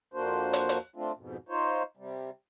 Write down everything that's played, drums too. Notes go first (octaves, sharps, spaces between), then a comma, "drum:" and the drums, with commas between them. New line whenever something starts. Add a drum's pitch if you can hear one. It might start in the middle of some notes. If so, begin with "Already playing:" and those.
F2 A#3 D4 F#4 C5
drum: hi-hat
drum: hi-hat
A3 C4 D4 F4
F2 G#2 B2
D#4 F4 C5 C#5
C3 G3